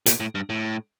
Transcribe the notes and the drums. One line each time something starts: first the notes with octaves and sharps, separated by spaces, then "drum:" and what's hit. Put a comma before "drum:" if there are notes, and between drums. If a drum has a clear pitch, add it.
A#2, drum: hi-hat
A2
G2
A2